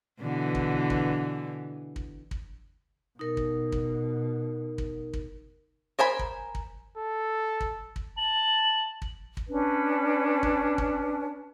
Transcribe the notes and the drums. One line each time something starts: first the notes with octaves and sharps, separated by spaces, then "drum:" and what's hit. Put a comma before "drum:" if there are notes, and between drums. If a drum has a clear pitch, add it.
B2 D3 E3
drum: kick
drum: kick
drum: kick
drum: kick
B2 D#4 A#4
drum: kick
drum: kick
drum: kick
drum: kick
A#4 C5 G#5 B5
drum: kick
drum: kick
A4
drum: kick
drum: kick
A5 F#7
drum: kick
drum: kick
C#4 D4 B4
drum: kick
drum: kick